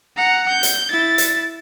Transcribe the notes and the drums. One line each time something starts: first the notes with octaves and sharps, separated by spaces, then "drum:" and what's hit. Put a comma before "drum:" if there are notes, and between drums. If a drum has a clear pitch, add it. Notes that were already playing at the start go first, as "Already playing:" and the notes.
F#5 A#5
G6
drum: hi-hat
E4 A6
drum: hi-hat